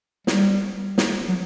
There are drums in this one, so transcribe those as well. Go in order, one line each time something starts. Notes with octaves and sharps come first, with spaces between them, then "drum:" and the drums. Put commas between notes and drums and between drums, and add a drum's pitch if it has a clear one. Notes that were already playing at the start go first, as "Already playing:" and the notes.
G3, drum: snare
drum: snare
F#3